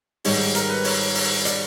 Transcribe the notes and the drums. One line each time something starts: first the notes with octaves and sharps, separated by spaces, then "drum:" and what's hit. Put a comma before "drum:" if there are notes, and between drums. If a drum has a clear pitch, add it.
G#2 D#3 G3 C#5, drum: open hi-hat
A#4, drum: hi-hat
B4
C#5, drum: open hi-hat
drum: open hi-hat
D5, drum: hi-hat